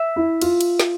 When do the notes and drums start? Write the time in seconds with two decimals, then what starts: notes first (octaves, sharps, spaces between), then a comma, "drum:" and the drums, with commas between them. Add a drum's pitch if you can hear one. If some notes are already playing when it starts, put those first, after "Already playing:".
Already playing: E5
0.16 E4
0.41 F4, drum: cymbal
0.61 drum: cymbal
0.80 drum: snare